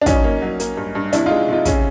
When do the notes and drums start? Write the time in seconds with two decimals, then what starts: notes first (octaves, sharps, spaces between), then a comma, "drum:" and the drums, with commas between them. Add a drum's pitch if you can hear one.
0.02 D4
0.06 F#3 C#4 D#4, drum: kick, hi-hat
0.24 A#3
0.42 F#3
0.60 A#3, drum: hi-hat
0.77 G2
0.95 G2
1.13 C3 D4 E4, drum: hi-hat
1.26 G#3 D#4 F4
1.48 C3 D#4 F4
1.65 C#3 C#4, drum: kick, hi-hat